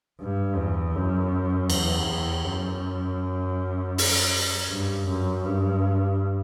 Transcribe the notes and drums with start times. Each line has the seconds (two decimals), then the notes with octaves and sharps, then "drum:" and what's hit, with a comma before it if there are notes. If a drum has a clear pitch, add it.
0.20 G2
0.57 E2
0.95 F#2
1.70 E2, drum: cymbal
2.07 E2
2.44 F#2
3.98 drum: open hi-hat
4.69 G2
5.07 F#2
5.45 G2